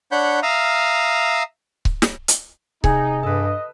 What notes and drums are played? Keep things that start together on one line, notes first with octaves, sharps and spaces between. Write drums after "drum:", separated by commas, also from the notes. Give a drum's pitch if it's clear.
D4 C#5 F#5 B5 G6
E5 F5 A#5 D#6 F6
drum: kick C#1
drum: snare
drum: hi-hat
C3 D#4 G#4 C#7, drum: kick C#1
G2 A4 B4 D#5